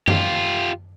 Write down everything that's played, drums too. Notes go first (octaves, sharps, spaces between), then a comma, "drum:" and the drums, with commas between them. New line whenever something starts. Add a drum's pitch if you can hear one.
F4 G4, drum: tom F#2